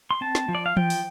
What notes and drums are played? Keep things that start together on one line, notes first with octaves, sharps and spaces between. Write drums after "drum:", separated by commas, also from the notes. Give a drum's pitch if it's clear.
C6
C4 A5
drum: snare
F3
D5
F5
F3 G5, drum: tom E3
drum: open hi-hat